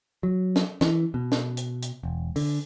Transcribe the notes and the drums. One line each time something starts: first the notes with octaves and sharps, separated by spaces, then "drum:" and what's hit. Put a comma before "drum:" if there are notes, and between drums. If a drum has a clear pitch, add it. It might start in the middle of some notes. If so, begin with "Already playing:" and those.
F#3
drum: snare
E3, drum: snare
B2
drum: snare
drum: hi-hat
drum: hi-hat
E1
D3, drum: open hi-hat